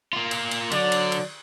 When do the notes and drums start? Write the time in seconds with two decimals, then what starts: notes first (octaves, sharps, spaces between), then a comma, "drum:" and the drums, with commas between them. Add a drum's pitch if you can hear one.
0.13 A#3 F4
0.31 drum: cymbal
0.51 drum: cymbal
0.72 D3 F#3 D5, drum: cymbal
0.92 drum: cymbal
1.12 drum: cymbal